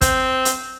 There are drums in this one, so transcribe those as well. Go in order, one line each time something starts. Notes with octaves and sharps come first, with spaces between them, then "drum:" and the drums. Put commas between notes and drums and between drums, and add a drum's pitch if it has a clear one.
C4, drum: kick, hi-hat
drum: hi-hat